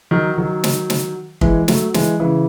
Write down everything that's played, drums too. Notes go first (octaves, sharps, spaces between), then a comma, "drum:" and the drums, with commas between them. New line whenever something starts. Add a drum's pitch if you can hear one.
D#3 F#3
D#3 F#3
drum: snare
drum: snare
E3 G#3, drum: kick
F#3 A3, drum: snare
E3 G#3, drum: snare
C#3 E3